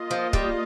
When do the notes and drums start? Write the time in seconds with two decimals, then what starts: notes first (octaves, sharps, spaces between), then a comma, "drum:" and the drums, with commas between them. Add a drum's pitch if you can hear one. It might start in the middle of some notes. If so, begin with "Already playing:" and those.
Already playing: A#3 F4 D#5
0.11 F3
0.33 G3, drum: kick